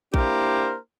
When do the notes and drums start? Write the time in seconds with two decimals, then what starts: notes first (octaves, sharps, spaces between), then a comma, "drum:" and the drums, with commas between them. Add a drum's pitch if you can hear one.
0.14 A#3 D4 E4 G4 A#4 C5, drum: kick A#1